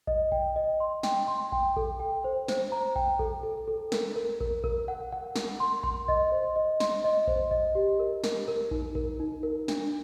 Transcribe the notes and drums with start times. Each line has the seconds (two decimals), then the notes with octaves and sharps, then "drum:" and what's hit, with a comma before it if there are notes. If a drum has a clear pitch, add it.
0.07 D#5, drum: kick A#1
0.32 G5, drum: kick A#1
0.56 D#5
0.80 C6
1.03 G5, drum: snare
1.28 C6
1.52 G5, drum: kick A#1
1.77 A4, drum: kick A#1
2.00 G5
2.24 C5
2.48 C5, drum: snare
2.72 A#5
2.96 G5, drum: kick A#1
3.19 A4, drum: kick A#1
3.43 A4
3.68 A4
3.92 A#4, drum: snare
4.16 A#4
4.40 A#4, drum: kick A#1
4.64 A#4, drum: kick A#1
4.88 F#5
5.12 F#5
5.36 A#4, drum: snare
5.60 C6
5.83 C6, drum: kick A#1
6.08 D#5, drum: kick A#1
6.32 C5
6.56 D#5
6.80 C6, drum: snare
7.04 D#5
7.27 C5, drum: kick A#1
7.51 D#5, drum: kick A#1
7.75 G4
8.00 A#4
8.24 A#4, drum: snare
8.48 A#4
8.71 D#4, drum: kick A#1
8.95 A#4, drum: kick A#1
9.20 D#4
9.43 A#4
9.68 D4, drum: snare